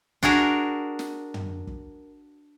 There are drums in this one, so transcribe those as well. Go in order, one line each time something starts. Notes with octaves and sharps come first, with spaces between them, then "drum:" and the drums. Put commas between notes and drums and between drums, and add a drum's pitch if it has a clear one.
D4 F#4 G#4 A#4, drum: kick
drum: snare
drum: tom
drum: kick